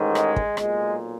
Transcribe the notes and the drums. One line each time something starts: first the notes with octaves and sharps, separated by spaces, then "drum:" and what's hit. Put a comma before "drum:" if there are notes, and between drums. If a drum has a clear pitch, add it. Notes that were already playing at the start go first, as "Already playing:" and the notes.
Already playing: A1 G#2 D#3
G#3, drum: rim click
drum: kick
B1 A#2 G#3, drum: rim click